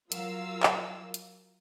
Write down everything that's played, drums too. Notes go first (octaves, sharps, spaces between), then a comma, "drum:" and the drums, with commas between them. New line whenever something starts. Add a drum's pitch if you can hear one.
F#3 F4 A#4 F5 E6, drum: hi-hat
drum: clap
drum: hi-hat